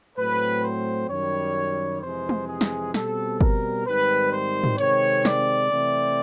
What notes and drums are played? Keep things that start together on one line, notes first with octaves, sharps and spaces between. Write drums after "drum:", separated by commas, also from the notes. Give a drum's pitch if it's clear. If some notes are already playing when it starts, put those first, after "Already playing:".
A2 F#3 A3 C4 B4
C5
F#2 D#3 G3 C#5
F2 C3 E3 G#3 C5
drum: tom
G#4
drum: snare
B2 G3 C4 A4, drum: snare
A#4, drum: kick G1
G#2 D#3 G3 C4 B4
C5
drum: tom
C3 D#3 G#3 C4 C#5, drum: hi-hat
D5, drum: snare
C3 E3 A3 C4